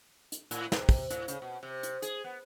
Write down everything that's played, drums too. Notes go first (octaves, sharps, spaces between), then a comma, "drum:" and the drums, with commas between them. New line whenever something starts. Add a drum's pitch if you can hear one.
drum: hi-hat
A2, drum: hi-hat
C3, drum: snare
drum: kick, open hi-hat
A2, drum: hi-hat
C#3, drum: hi-hat
B2
C3
drum: hi-hat
G#4, drum: hi-hat
B3